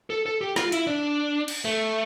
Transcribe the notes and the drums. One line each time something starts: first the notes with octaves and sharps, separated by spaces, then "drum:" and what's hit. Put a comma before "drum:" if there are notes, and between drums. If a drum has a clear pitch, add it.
A4
A4
G4
F4, drum: snare
E4, drum: hi-hat
D4
drum: cymbal
A3